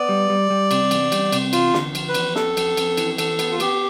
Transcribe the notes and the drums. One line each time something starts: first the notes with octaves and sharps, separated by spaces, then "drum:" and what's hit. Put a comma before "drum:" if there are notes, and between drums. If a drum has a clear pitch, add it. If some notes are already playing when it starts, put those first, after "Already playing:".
Already playing: B3 D5
G3
G3
G3
C3, drum: cymbal
E2, drum: cymbal
G3, drum: cymbal
C3, drum: cymbal
E2 F4, drum: cymbal
D3, drum: snare
F3, drum: cymbal
B4
E2, drum: cymbal
F2 A4, drum: snare
F2, drum: cymbal
F2, drum: cymbal
E3, drum: cymbal
E2 A4, drum: cymbal
B3, drum: cymbal
F4
B3 G4, drum: cymbal